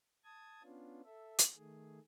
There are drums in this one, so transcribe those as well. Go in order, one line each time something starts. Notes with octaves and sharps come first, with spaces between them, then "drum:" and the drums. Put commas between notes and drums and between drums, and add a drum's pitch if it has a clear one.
A5 D#6 G#6
B3 C#4 D4 F4
A4 E5
drum: hi-hat
D#3 A3 G#4